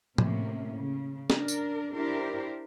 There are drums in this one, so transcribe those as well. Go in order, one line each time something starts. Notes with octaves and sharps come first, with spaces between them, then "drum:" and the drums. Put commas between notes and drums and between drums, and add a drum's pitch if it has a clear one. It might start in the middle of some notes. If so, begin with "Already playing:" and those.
A2 C3 A#3 C#4, drum: tom
C#3
D4 A#4, drum: snare
drum: tambourine
D4 E4 G4 A#4 C5